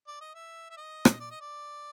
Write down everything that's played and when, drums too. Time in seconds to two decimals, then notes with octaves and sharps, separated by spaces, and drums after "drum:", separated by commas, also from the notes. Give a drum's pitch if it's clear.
0.07 D5
0.21 D#5
0.34 E5
0.71 E5
0.77 D#5
1.05 drum: rim click
1.20 D5
1.30 D#5
1.41 D5